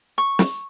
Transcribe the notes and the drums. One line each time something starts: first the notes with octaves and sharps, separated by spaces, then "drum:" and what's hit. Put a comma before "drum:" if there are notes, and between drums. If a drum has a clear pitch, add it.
C#6
drum: snare